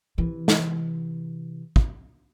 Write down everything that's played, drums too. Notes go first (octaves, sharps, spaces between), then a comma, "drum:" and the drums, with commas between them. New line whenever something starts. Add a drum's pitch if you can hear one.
C3 E3
drum: snare
drum: kick